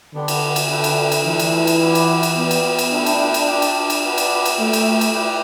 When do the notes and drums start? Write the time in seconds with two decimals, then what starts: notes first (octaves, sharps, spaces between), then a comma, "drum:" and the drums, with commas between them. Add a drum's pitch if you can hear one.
0.14 D3 B3 D4 G4
0.28 drum: cymbal
0.56 drum: cymbal
0.70 D3 D4 B4 E5 G5
0.84 drum: cymbal
1.12 drum: cymbal
1.25 E3 A3 D4 A4
1.39 drum: cymbal
1.67 drum: cymbal
1.81 B3 E4 G4 B4 D5
1.95 drum: cymbal
2.23 drum: cymbal
2.36 B3 G4 D5 G5
2.51 drum: cymbal
2.78 drum: cymbal
2.92 A3 D4 E4 A4 G5
3.06 drum: cymbal
3.34 drum: cymbal
3.47 G4 D5 G5
3.62 drum: cymbal
3.90 drum: cymbal
4.04 B3 D4 G4 B4 D5
4.18 drum: cymbal
4.45 drum: cymbal
4.59 A3 G4 E5 G5
4.73 drum: cymbal
5.01 drum: cymbal
5.15 E4 B4 D5 G5